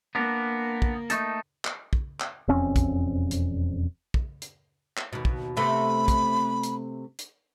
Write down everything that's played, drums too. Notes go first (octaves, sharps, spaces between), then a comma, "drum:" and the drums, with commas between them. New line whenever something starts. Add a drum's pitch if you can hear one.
A#3 B3 D4 A#4
drum: kick
A3 D#4 A4, drum: hi-hat
drum: clap
drum: kick
drum: clap
E1 F2 C4 C#4
drum: kick, hi-hat
drum: hi-hat
drum: kick
drum: hi-hat
drum: clap
D#2 B2
drum: kick
C3 A3 B3 B5
drum: kick, hi-hat
drum: hi-hat
drum: hi-hat